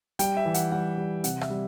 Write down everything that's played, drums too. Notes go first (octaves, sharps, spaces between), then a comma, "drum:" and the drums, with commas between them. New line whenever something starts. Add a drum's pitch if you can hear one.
G3 G5, drum: hi-hat
E5
E3
F#5, drum: hi-hat
G3 F#5
G3
C3 F#5, drum: hi-hat
E5, drum: rim click
G3